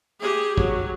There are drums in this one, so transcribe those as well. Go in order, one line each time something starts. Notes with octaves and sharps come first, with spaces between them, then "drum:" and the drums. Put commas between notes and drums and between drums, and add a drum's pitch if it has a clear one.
G4 G#4
F#3, drum: kick